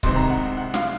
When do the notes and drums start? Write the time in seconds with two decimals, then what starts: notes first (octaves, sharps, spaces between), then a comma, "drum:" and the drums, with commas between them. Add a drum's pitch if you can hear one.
0.03 C2 C3 D#3 G#3 C4 C6, drum: kick C#1
0.16 A#5
0.29 F#5
0.57 F#5
0.74 F5, drum: snare